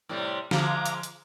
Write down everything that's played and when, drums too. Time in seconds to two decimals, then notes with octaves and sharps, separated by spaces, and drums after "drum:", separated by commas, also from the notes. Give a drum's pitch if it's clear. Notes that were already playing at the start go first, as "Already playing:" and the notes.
0.09 A2 C3 G3
0.51 D3 F3 G#3 F5 A#5 D6, drum: snare
0.86 drum: hi-hat
1.03 drum: hi-hat